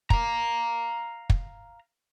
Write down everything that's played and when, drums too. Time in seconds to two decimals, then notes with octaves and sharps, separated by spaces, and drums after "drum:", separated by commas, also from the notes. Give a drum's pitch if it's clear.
0.10 F5 A#5, drum: kick
1.30 drum: kick